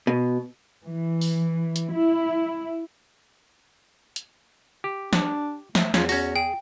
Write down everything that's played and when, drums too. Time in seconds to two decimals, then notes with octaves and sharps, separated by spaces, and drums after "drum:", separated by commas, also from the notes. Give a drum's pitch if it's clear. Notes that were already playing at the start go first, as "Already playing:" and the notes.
0.07 B2
0.84 E3
1.21 drum: open hi-hat
1.76 drum: hi-hat
1.93 E4
4.16 drum: hi-hat
4.84 G4
5.13 D4, drum: snare
5.75 A3, drum: snare
5.94 E2 C#4 F4, drum: snare
6.09 C#4 F#4 A#6, drum: open hi-hat
6.36 G#4 G5